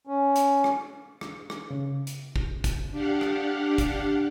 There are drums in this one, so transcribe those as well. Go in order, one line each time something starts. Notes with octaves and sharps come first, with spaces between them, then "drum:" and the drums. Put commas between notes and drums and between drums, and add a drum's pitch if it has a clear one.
C#4
drum: hi-hat
drum: rim click
drum: rim click
drum: rim click
C#3
drum: hi-hat
drum: kick
drum: kick, hi-hat
D4 G4 F5 F#5
drum: rim click
drum: kick, hi-hat